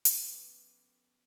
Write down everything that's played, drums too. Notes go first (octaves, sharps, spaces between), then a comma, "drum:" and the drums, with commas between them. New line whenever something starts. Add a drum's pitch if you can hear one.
F3 A3 B3 C#4 E4 G4, drum: hi-hat